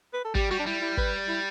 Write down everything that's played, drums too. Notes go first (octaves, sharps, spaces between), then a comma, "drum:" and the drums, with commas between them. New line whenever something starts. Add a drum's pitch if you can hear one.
B4
A4
G3 G4, drum: kick
G3 F#4
D4
G3 E4
E4
B4, drum: kick
E4